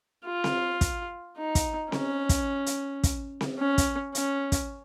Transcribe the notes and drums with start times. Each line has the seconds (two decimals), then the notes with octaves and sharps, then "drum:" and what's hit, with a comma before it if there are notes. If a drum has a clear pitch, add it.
0.26 F4
0.44 drum: snare C4
0.81 drum: kick, hi-hat
1.37 D#4
1.55 drum: kick, hi-hat
1.92 C#4, drum: snare C4
2.29 drum: kick, hi-hat
2.66 drum: hi-hat
3.04 drum: kick, hi-hat
3.41 drum: snare C4
3.59 C#4
3.78 drum: kick, hi-hat
4.15 C#4, drum: hi-hat
4.52 drum: kick, hi-hat